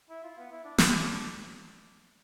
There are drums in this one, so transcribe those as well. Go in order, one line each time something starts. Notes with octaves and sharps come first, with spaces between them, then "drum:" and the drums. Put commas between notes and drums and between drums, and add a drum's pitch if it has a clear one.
E4
F4
B3
E4
D4
C#4, drum: snare
D4